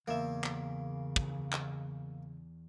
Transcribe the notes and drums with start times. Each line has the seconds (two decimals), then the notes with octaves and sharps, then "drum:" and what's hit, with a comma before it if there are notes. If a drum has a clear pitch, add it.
0.08 E2 C#3 A#3 E5
0.44 drum: clap
1.16 drum: kick
1.52 drum: clap